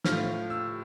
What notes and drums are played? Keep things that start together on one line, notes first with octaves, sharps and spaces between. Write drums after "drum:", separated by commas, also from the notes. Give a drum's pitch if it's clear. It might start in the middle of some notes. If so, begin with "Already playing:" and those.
A2 F3 F6, drum: snare
E6